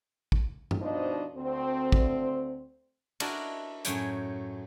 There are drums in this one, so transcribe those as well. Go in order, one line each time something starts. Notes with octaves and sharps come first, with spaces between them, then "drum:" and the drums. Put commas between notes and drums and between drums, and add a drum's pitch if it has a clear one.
drum: kick
drum: tom G2
B2 F3 D4 D#4 C5 D#5
D2 C4
drum: kick
D4 E4 F#4 A#4 D#5 A5, drum: cymbal
F#2 A2 C#5 G5 G#5, drum: hi-hat